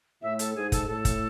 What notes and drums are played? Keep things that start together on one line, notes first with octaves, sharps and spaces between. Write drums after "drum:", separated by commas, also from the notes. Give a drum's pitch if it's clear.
A2 E5
A4, drum: hi-hat
G#2 G#4
A4, drum: kick, hi-hat
A2 A4
drum: kick, hi-hat